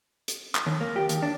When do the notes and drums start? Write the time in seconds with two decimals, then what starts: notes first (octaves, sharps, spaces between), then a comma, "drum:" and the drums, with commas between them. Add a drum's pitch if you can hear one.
0.28 drum: hi-hat
0.55 drum: clap
0.66 D#2
0.81 A#3
0.96 G4
1.09 D#2, drum: hi-hat
1.23 D4